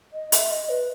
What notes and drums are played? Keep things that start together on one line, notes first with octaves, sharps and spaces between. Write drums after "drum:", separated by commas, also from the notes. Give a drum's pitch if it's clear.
D#5
E5, drum: hi-hat
D#5
B4